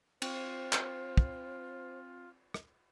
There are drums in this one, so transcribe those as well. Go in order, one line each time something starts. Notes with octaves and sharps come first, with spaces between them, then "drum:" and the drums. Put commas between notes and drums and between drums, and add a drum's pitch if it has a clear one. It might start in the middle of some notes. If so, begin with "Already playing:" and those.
C4 F4 C5, drum: cymbal
drum: clap
drum: kick
drum: rim click